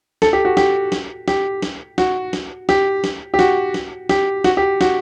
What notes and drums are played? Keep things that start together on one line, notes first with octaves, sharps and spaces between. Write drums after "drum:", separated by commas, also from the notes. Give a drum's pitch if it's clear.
A4, drum: snare
G4
F#4
G4, drum: snare
drum: snare
G4, drum: snare
drum: snare
F#4, drum: snare
drum: snare
G4, drum: snare
drum: snare
G4
F#4, drum: snare
drum: snare
G4, drum: snare
F#4, drum: snare
G4
F#4, drum: snare